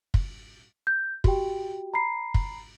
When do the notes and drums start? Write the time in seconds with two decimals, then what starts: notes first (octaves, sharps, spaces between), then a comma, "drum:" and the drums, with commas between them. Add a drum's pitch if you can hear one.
0.14 drum: kick
0.87 G6
1.24 F#4 G4 G5, drum: kick
1.94 A#5 B5 C7
2.34 drum: kick